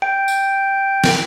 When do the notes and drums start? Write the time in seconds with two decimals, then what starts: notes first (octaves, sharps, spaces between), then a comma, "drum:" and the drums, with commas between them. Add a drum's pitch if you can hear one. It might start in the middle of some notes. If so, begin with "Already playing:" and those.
0.02 G5
0.28 drum: tambourine
1.04 drum: snare